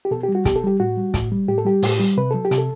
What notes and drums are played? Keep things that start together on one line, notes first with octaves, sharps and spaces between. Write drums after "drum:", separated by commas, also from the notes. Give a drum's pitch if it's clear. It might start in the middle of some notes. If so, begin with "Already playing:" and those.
G4
B2 A4
G4
G3
F#4
B2 G4, drum: kick, hi-hat
A4
G3 G4
A2 F#4
G3
A2, drum: kick, hi-hat
G3
A2 G4
A4
G3 G4
A2, drum: open hi-hat
G3
C3 B4
F#3 A4
G4
C3, drum: hi-hat
A4